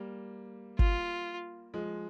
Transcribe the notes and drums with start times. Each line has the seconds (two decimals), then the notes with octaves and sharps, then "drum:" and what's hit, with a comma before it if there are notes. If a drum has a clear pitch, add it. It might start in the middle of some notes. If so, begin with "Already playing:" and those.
Already playing: G3 A#3
0.79 F4, drum: kick G#1
1.74 F3 G#3